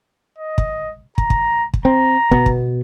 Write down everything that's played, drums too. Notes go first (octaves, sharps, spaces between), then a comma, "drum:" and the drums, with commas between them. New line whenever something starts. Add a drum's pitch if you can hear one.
D#5
drum: kick
A#5, drum: kick
drum: kick
drum: kick
C4 A#5
B2 B3, drum: kick
drum: kick